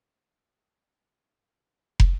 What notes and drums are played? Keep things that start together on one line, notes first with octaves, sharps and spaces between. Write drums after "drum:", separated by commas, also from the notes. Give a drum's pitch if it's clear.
A2 E3 F3 A3
drum: kick